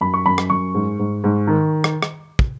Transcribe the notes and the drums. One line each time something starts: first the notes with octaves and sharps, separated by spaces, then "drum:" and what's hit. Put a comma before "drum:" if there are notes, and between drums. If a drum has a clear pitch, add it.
F#2 B5
C#6
F#2 B5
drum: rim click
F#2 C#6
G#2
G#2
G#2
D#3
drum: rim click
drum: rim click
drum: kick